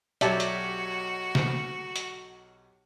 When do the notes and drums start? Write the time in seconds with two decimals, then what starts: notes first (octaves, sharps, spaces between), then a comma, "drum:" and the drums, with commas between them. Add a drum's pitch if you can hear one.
0.21 B1 F#3 F#4 G4 C#5 D5 E5 A5, drum: hi-hat
0.40 drum: hi-hat
1.35 drum: snare
1.96 drum: hi-hat